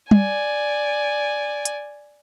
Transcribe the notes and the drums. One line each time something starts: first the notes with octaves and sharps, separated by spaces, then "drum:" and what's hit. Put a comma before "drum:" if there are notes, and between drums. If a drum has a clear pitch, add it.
D5 G#5, drum: tom
drum: hi-hat